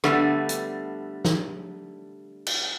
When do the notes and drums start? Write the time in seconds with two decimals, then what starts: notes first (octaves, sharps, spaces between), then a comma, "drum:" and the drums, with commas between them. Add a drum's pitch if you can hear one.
0.04 D3 G3 A3 B3, drum: rim click
0.49 drum: hi-hat
1.25 drum: snare
2.47 drum: cymbal